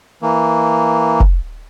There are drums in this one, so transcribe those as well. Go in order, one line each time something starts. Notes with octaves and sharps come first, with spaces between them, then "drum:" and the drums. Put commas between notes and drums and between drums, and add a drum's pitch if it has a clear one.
E3 A#3
drum: kick